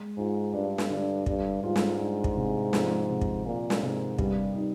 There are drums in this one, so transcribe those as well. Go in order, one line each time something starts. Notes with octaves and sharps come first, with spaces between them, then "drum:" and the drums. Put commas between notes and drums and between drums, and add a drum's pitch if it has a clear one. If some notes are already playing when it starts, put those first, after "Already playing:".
Already playing: G#3
G#2 F4
G2 D4
drum: snare
D3
G2 G3, drum: kick
G#2 F4
drum: snare
D4
drum: kick
C3
F3, drum: snare
C3
drum: kick
A#2 A#3
drum: snare
G#2 C3
G2 G3, drum: kick
D#4